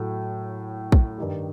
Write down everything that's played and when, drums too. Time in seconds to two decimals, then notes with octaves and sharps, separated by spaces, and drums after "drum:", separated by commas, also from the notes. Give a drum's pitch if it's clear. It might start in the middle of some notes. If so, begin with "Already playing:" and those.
Already playing: A2 F#3 A3
0.92 drum: kick
1.18 G2 D#3 G3